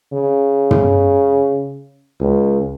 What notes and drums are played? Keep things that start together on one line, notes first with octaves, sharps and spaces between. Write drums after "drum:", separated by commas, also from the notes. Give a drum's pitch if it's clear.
C#3
drum: tom
C#2